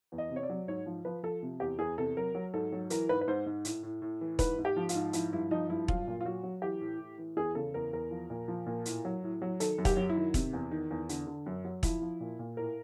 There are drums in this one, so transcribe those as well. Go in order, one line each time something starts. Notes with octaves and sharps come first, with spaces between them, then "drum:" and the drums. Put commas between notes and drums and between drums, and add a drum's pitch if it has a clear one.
E2
D#5
C3
C#5
D5
F#3
G#2 C#5
F3
F3 B4
F3 A4
C3
E2 G4
E2 G#4
C3 A4
F#3 A#4
F#3
G#2 A4
F#3
E3 A#4, drum: hi-hat
G#2 B4
B4
G#2 C5
G#2
A2, drum: hi-hat
A2
A2
E3
G#2 B4, drum: kick E1, hi-hat
G#2
G4
F3
F4, drum: hi-hat
G#2
F3 E4, drum: hi-hat
G2 E4
F3 D#4
G2 E4
F#3 F4, drum: kick E1
A#2
F4
F#3 F#4
F#3
E3 G4
A2
A2
E3
E2 G#4
C#3 A4
E2 A#4
E2 A#4
F3
A#2
F3
A#2
A2, drum: hi-hat
F#3
A2
F#3
D#3 A4, drum: hi-hat
F#2
G4, drum: kick E1, hi-hat
F#3
E4
D#3
C3, drum: kick E1, hi-hat
E2
D#3
E2
D3, drum: hi-hat
D3
F#2
F#3
F3 E4, drum: kick E1, hi-hat
F3
A#2
A#2
A2 A#4